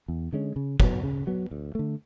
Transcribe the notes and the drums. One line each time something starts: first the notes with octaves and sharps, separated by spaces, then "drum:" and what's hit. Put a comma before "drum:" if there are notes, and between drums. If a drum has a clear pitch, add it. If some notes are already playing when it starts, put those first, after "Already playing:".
E2
D3 G#3 C#4
C#3
F#3 B3, drum: kick
C#3
F#3 B3
D2
D3 A3